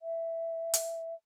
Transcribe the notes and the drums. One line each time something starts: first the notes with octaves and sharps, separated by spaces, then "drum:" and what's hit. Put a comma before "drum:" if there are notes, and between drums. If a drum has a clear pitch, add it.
E5
drum: hi-hat